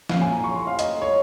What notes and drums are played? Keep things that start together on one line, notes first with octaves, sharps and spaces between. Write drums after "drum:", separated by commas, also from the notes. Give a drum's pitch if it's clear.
A#1 A#2 F3 F5, drum: snare
G#5
A#5
C#6
C6
F5
D#5, drum: hi-hat
C#5